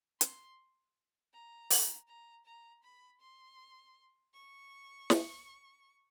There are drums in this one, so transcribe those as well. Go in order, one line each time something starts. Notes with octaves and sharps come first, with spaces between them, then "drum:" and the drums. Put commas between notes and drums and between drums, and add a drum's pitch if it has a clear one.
C6, drum: hi-hat
A#5
drum: open hi-hat
A#5
A#5
B5
C6
C#6
drum: snare